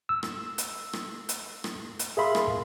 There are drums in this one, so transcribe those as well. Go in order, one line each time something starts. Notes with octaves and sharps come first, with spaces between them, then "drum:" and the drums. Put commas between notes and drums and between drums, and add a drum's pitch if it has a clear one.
E6
drum: rim click
drum: hi-hat
drum: rim click
drum: hi-hat
drum: rim click
drum: hi-hat
G#4 A#4 E5 F5 B5 C6
drum: rim click